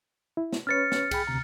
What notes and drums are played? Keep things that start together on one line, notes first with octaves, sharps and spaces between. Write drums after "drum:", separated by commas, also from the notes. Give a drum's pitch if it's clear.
E4
drum: snare
C#4 B4 C#5 F6 A6 C#7
drum: snare
G#4 G5 B5, drum: kick C2, cymbal
D2 C3 A#5